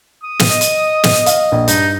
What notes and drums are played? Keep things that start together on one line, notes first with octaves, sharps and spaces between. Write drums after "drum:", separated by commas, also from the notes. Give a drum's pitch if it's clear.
D#6
drum: snare
D#5
drum: hi-hat
drum: snare
F5, drum: hi-hat
A#1
G2 D#4, drum: hi-hat